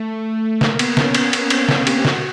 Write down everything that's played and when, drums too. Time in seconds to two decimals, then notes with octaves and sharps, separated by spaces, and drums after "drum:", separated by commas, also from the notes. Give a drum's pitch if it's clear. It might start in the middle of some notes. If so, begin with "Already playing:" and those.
Already playing: A3
0.61 A#3, drum: snare
0.79 B3, drum: cymbal
0.97 C#4, drum: snare
1.15 B3, drum: cymbal
1.33 B3, drum: cymbal
1.50 C4, drum: cymbal
1.69 C#4, drum: snare
1.87 G4, drum: cymbal
2.05 F#4, drum: snare